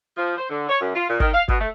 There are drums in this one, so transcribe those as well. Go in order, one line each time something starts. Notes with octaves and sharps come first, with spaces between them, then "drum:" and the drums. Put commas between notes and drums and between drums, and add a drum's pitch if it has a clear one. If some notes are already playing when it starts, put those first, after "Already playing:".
F3
C5
D3
C#5
F#2
F4
A#2
D#3, drum: kick
F5
B2, drum: kick
A3